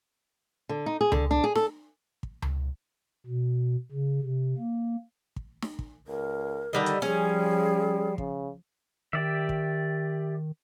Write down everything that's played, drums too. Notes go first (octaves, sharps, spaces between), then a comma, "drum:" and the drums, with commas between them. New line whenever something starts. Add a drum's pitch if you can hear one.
D3
D#4
G#4
D3, drum: tom C#2
D4
G#4
A4, drum: snare
drum: kick
drum: tom C#2
B2
C#3
C3
A#3
drum: kick
drum: snare
drum: kick
C#2 A#4
D3 D#3 G3 D#5
drum: hi-hat
F3 G3 C#4 G#4
C#3, drum: kick
D#3 G4 D5 E5
drum: kick